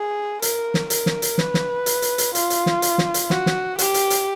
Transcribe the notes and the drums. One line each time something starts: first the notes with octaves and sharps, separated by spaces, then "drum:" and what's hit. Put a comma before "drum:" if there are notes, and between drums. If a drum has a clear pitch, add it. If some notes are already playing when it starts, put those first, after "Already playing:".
Already playing: G#4
A#4, drum: hi-hat
drum: snare
A#4, drum: hi-hat
drum: snare
drum: hi-hat
B4, drum: snare
drum: snare
drum: hi-hat
drum: hi-hat
drum: hi-hat
F4, drum: hi-hat
drum: hi-hat
drum: snare
drum: hi-hat
drum: snare
drum: hi-hat
F#4, drum: snare
drum: snare
G4, drum: hi-hat
drum: hi-hat
drum: hi-hat